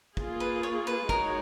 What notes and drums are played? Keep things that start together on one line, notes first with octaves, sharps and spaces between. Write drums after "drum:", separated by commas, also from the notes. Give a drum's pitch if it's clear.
A#3 F4 G#4, drum: kick
B4
C#5
B4
G#3 D#4 F#4 A#4 C#5, drum: kick